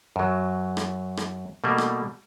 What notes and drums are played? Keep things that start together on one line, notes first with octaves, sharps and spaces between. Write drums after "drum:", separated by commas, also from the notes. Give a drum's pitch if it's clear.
F#2 F#3
drum: rim click
drum: rim click
B2 G3 A3 A#3
drum: rim click